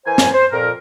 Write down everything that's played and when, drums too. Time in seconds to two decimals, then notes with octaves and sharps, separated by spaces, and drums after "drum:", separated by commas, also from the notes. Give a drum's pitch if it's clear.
0.06 E3 A#4 C5 G#5
0.18 drum: snare
0.33 C5
0.52 F2 A#2 A#4